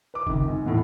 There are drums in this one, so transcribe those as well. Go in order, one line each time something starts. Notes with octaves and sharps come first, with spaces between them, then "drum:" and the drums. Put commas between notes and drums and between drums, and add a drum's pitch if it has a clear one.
B4 D6
C#2 C3 D#3, drum: kick F#1
G#2
E2 A2